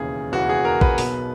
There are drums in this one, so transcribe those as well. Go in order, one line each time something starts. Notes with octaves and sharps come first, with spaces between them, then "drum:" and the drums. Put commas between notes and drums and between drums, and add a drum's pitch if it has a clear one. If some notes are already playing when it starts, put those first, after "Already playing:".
Already playing: E1 D#2 C#3 E3 G#4
E1 D#2 C#3 E3 F#4
G#4
A#4
B4, drum: kick A1
B1 B2, drum: open hi-hat